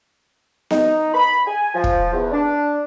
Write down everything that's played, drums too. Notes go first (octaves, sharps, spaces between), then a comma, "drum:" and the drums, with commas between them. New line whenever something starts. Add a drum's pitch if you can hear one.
D#4, drum: snare B3
B5
G#5
F3
drum: kick
E2
D4